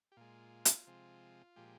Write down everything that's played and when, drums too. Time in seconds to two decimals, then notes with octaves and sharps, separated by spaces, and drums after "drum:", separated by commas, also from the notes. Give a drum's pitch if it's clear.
0.12 G4
0.17 A#2 G#3 F4
0.65 drum: hi-hat
0.87 C3 F3 G#3
1.56 A#2 F3 G#3 G4